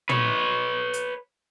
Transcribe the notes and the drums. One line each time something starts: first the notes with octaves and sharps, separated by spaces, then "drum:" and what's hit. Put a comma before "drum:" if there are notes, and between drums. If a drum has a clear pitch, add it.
B4 C#5, drum: tom
drum: hi-hat